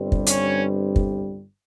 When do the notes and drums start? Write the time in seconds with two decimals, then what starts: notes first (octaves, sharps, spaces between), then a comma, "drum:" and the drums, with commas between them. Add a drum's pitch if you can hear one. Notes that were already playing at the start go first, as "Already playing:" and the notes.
Already playing: G1 G2 G3 C4
0.12 drum: kick
0.26 C#4 C#5, drum: hi-hat
0.96 drum: kick